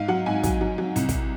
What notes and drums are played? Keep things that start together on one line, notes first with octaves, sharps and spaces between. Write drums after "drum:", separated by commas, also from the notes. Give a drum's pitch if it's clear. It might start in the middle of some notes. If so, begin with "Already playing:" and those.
Already playing: G#2 F5
F#3 F#5
G#2 G#5
F#3, drum: kick, hi-hat
F#3
F#3
C2, drum: hi-hat
drum: kick, hi-hat